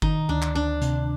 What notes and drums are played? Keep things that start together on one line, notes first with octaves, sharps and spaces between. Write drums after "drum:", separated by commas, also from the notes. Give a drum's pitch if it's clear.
D#3 D#4, drum: kick G1
D2 D4
drum: clap
D2 D4
C3, drum: hi-hat